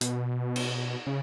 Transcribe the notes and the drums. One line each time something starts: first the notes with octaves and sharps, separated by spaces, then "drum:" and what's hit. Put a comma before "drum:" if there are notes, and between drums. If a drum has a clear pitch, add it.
B2, drum: hi-hat
drum: cymbal
C#3